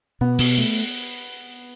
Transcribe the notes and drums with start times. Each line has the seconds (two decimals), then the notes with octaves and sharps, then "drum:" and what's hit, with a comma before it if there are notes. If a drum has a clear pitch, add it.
0.21 B2 B3
0.39 B2, drum: open hi-hat
0.58 A3